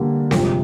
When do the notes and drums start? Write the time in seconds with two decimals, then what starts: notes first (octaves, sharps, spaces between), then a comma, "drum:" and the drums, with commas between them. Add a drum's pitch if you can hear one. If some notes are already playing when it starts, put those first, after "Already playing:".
Already playing: D3 G3 A#3
0.31 G1 F2 C3 F3 G#3, drum: snare C4